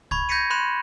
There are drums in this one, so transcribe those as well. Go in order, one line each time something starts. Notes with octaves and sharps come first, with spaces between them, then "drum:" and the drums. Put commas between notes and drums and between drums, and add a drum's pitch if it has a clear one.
B5 C#6 G#6, drum: kick
G6 G#6 A#6 B6 C#7 D#7
B5 C6 F#6 E7